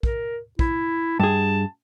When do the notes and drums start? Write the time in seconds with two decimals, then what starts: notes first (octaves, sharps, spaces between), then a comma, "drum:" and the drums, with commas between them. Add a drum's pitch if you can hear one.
0.03 A#4, drum: kick
0.59 E4, drum: kick
1.20 G2 G#4 A5